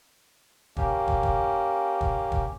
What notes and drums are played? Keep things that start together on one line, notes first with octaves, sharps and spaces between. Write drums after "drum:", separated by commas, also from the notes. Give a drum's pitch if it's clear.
A#3 C#4 G4, drum: kick
drum: kick
drum: kick
drum: kick
drum: kick